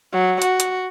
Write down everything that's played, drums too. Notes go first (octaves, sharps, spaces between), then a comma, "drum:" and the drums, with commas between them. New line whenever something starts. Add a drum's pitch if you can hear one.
F#3
F#4, drum: hi-hat
drum: hi-hat